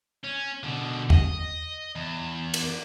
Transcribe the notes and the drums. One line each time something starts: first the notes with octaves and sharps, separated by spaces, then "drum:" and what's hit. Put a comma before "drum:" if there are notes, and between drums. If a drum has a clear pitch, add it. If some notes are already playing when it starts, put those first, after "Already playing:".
C#4
B2 D3
D#5, drum: tom E2
E2
drum: cymbal